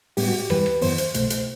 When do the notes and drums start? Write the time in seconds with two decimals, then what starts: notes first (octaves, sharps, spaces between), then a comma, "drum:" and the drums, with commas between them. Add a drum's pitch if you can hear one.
0.17 A2 G3 B3 G4, drum: open hi-hat
0.28 F#4
0.39 G4
0.50 F#2 E3 G3 B4, drum: rim click
0.66 drum: rim click
0.81 F#2 E3 B3 C5, drum: open hi-hat
0.98 drum: hi-hat
1.14 C2 B2 A3, drum: hi-hat
1.30 drum: hi-hat